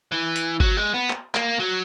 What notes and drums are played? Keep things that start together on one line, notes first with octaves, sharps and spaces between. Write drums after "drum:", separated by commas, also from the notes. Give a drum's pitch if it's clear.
E3
drum: hi-hat
F#3, drum: kick G1
G#3
B3
drum: clap
A#3, drum: clap
F#3